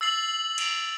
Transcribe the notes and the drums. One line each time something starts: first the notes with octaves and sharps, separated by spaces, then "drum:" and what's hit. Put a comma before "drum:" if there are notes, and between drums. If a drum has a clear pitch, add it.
E6 A6 C7 F#7
drum: cymbal